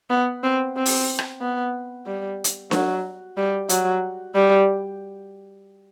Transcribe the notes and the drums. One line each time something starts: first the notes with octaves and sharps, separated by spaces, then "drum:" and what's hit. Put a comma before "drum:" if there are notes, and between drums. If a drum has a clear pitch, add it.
B3
C4
C4
drum: open hi-hat
drum: rim click
B3
G3
drum: hi-hat
F#3, drum: snare D4
G3
F#3, drum: hi-hat
G3